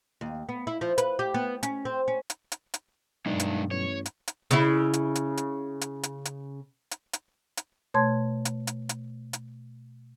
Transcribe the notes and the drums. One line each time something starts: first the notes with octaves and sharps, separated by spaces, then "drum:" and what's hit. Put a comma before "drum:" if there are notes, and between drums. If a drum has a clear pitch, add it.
D#2
B3
E4
F3
B4, drum: hi-hat
G4
B3
C#4, drum: hi-hat
C4
C#4
drum: hi-hat
drum: hi-hat
drum: hi-hat
B1 G2 D#3 G#3 D4 D5
drum: hi-hat
A1 C#5
drum: hi-hat
drum: hi-hat
C#3 E4, drum: hi-hat
drum: hi-hat
drum: hi-hat
drum: hi-hat
drum: hi-hat
drum: hi-hat
drum: hi-hat
drum: hi-hat
drum: hi-hat
drum: hi-hat
B2 A3 C#5 A5 C6 G#6
drum: hi-hat
drum: hi-hat
drum: hi-hat
drum: hi-hat